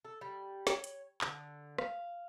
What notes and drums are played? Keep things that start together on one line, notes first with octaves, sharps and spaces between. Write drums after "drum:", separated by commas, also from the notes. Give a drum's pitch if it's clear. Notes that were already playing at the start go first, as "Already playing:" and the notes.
A4
G3
C#5, drum: snare
drum: hi-hat
D3, drum: clap
F5, drum: rim click